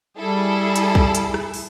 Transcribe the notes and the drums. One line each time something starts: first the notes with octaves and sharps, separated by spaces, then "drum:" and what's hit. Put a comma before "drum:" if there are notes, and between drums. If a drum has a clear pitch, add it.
G3 E4 G#4 A4
drum: hi-hat
drum: kick
drum: hi-hat
drum: rim click
drum: open hi-hat